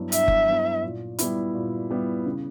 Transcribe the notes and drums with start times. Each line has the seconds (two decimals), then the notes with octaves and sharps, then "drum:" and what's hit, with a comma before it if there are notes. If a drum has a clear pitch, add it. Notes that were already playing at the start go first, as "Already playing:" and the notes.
Already playing: G2 F#3 B3 E4
0.12 G2 E5, drum: hi-hat
0.28 drum: kick F#1
0.48 F#3 B3 E4
0.83 A#2
1.19 G3 B3 E4, drum: hi-hat
1.54 A#2
1.90 G3 B3 E4
2.26 C#3